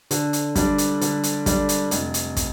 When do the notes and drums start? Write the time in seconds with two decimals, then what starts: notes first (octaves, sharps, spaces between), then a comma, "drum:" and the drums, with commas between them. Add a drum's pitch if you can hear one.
0.11 D3, drum: hi-hat
0.33 drum: hi-hat
0.56 G3 D4, drum: kick, hi-hat
0.78 drum: hi-hat
1.01 D3, drum: hi-hat
1.23 drum: hi-hat
1.46 G3 D4, drum: kick, hi-hat
1.69 drum: hi-hat
1.91 F1, drum: hi-hat
2.14 drum: hi-hat
2.37 drum: kick, hi-hat